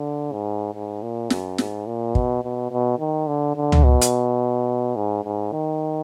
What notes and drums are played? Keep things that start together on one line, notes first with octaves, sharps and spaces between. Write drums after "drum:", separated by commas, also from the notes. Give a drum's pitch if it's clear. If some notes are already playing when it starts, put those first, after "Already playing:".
Already playing: D3
G#2
G#2
A#2
F#2, drum: snare
G#2, drum: snare
A#2
B2, drum: kick
B2
B2
D#3
D3
D3
drum: tom C#2
B2
drum: hi-hat
G#2
G#2
D#3